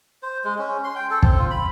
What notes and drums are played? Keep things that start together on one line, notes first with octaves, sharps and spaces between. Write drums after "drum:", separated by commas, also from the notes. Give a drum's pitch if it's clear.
C5
G#3
C#4
C6
G5
A4
C4, drum: kick
F4
B5